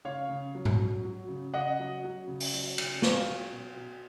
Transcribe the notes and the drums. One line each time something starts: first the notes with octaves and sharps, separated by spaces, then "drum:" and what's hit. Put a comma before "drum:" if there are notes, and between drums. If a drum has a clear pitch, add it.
C#3 C#5 F5
C#3
F#3
drum: tom G#2
F#3
F#3
C#3
C#3 D#5 F#5
F#3
F#3
C#3
drum: open hi-hat
F#3
C#3, drum: cymbal
F#3 C#5 F5, drum: snare
F#3
B2
B2